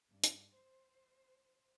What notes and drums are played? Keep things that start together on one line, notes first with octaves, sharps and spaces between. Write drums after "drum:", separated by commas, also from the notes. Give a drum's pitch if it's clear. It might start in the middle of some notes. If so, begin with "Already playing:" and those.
G2
drum: hi-hat
C5